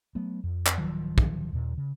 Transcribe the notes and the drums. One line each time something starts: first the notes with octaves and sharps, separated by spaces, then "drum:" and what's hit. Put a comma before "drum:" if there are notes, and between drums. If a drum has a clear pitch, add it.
F#3 A3 B3
F2
drum: clap
D1 D#3 F3 F#3
drum: kick
D#2 A#2
C#3